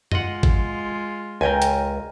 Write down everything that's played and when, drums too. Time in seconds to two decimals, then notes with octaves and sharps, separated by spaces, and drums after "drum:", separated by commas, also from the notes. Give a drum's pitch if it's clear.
0.12 G#3 F4 D#5 F#5, drum: tom F#2
0.43 drum: kick
1.41 C#2 A#4 G5 G#5
1.62 drum: hi-hat